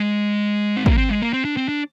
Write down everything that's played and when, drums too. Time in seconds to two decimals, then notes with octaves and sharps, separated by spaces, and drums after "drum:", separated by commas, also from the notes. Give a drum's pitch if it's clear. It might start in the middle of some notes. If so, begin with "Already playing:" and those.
Already playing: G#3
0.77 C4
0.86 A#3, drum: kick
0.98 C4
1.09 G#3
1.22 A#3
1.33 C4
1.45 D4
1.57 C4
1.69 D4